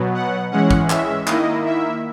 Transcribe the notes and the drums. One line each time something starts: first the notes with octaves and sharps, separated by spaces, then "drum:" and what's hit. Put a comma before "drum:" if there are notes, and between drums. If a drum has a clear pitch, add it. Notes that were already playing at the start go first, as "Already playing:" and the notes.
Already playing: B2 F#3 B3
F#5
E3 G#3 C#4 F#5
drum: kick
E5, drum: clap
D#3 A#3 E4 D#5, drum: clap
E5